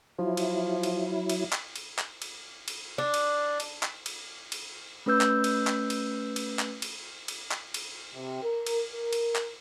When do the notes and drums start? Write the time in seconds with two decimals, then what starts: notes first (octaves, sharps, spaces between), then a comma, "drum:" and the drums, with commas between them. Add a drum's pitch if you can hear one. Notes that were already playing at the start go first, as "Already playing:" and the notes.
0.19 F3 F#3 E4
0.37 drum: cymbal
0.83 drum: cymbal
1.29 drum: cymbal
1.53 drum: clap
1.76 drum: cymbal
1.99 drum: clap
2.22 drum: cymbal
2.68 drum: cymbal
2.98 D4
3.14 drum: cymbal
3.60 drum: cymbal
3.83 drum: clap
4.06 drum: cymbal
4.52 drum: cymbal
5.06 A3 C#4 B4 E6 G6
5.21 drum: clap
5.44 drum: cymbal
5.67 drum: clap
5.90 drum: cymbal
6.36 drum: cymbal
6.59 drum: clap
6.82 drum: cymbal
7.28 drum: cymbal
7.51 drum: clap
7.74 drum: cymbal
8.15 C3
8.43 A#4
8.66 drum: cymbal
8.93 A#4
9.13 drum: cymbal
9.36 drum: clap